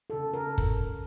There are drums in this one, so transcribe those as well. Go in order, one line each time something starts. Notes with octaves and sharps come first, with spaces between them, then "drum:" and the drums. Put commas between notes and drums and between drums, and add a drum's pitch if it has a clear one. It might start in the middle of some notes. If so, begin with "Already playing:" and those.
C#3 A4
A#4
drum: kick